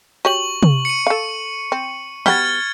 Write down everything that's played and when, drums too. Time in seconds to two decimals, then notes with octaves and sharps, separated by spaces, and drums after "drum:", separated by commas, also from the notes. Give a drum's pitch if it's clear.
0.25 F#4 G4 C#5 C#6 F#7
0.63 drum: tom C3
0.85 C#7 D#7
1.07 A4 F5
1.72 C4
2.26 G3 B3 F#4 F6 G#6 A6, drum: snare